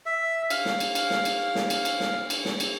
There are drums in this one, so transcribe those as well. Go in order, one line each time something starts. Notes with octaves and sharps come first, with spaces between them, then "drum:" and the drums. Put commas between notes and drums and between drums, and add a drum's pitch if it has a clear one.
E5
F5, drum: cymbal
drum: snare
drum: cymbal
drum: cymbal
drum: snare
drum: cymbal
drum: snare
drum: cymbal
drum: cymbal
drum: snare
drum: cymbal
drum: snare
drum: cymbal